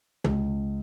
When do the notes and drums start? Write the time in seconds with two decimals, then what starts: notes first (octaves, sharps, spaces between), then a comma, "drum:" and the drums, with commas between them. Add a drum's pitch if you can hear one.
0.24 C#2, drum: tom